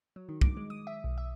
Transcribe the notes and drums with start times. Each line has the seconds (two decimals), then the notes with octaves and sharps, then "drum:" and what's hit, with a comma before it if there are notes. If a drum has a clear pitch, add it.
0.16 F#3
0.29 D#3
0.41 D6, drum: kick
0.57 G#3
0.70 D#6
0.87 E5
1.04 B1
1.18 E5